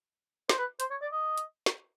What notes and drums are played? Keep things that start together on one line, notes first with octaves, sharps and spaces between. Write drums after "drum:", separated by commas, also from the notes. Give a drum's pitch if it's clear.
C5, drum: snare
B4
C5, drum: hi-hat
C#5
D5
D#5
drum: hi-hat
drum: snare